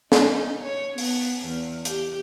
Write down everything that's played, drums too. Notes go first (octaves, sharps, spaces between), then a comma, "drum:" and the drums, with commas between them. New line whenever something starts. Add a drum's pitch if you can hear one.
D#4, drum: snare
C#5
B3, drum: open hi-hat
E2
G4, drum: hi-hat